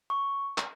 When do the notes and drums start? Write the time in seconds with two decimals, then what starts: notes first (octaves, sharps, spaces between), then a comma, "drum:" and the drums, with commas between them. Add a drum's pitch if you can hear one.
0.10 C#6
0.58 drum: clap